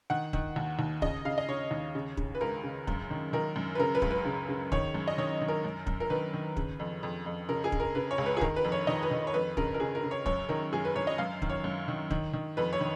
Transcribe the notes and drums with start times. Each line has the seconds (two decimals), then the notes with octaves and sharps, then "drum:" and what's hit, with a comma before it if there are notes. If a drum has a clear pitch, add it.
0.10 D#3 F#5
0.33 D#3, drum: kick
0.56 D#2
0.79 D#2
1.02 C#3 D#5, drum: kick
1.25 C#3 F5
1.38 D#5
1.48 C#3 C#5
1.71 D#2
1.95 C#3
2.17 C#3, drum: kick
2.35 B4
2.41 C#2 A#4
2.63 C#3
2.87 F#2, drum: kick
3.11 D#3
3.33 D#3 A#4
3.56 F#2
3.75 B4
3.79 C#3 A#4
3.95 B4
4.02 C#2, drum: kick
4.10 B4
4.25 C#3
4.49 C#3
4.72 D#3 C#5, drum: kick
4.94 F#2
5.08 D#5
5.18 D#3 C#5
5.41 D#3
5.48 A#4
5.64 F#2
5.87 F#2, drum: kick
6.00 A#4
6.10 D#3 B4
6.34 D#3
6.57 C#3, drum: kick
6.79 F2
7.03 F2
7.26 F2
7.49 C#3 A#4
7.64 G#4
7.72 C#3, drum: kick
7.80 A#4
7.95 C#3 B4
8.11 C#5
8.18 C#2
8.26 B4
8.37 G#4
8.41 D#3 A#4, drum: kick
8.56 B4
8.64 F2
8.72 C#5
8.87 D#3 D#5
9.03 B4
9.11 D#3
9.27 C#5
9.34 F2 B4
9.57 C#3 A#4, drum: kick
9.74 A#4
9.80 C#3 G#4
9.95 A#4
10.03 C#3
10.11 C#5
10.26 F#2 C#5, drum: kick
10.49 D#3 A#4
10.73 F#2 G#4
10.85 B4
10.95 F#2 C#5
11.07 D#5
11.18 F#2 F5
11.42 D#3, drum: kick
11.50 C#5
11.64 F#2
11.88 D#3
12.11 D#3, drum: kick
12.33 D#3
12.57 F2 B4
12.73 C#5
12.80 D#3